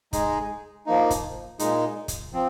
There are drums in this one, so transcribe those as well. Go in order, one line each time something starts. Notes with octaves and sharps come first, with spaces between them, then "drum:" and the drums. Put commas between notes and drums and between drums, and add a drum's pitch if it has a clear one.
G#3 D#4 G#4, drum: kick, hi-hat
F3 A#3 D#4
drum: kick, hi-hat
A#2 G#3 D#4, drum: hi-hat
drum: kick, hi-hat
F3 C4